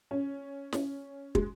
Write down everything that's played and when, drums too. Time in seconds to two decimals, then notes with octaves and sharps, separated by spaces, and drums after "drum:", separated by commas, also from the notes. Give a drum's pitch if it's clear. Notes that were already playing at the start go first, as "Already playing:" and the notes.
0.11 C#4
0.73 C#4, drum: snare
1.35 G#3, drum: kick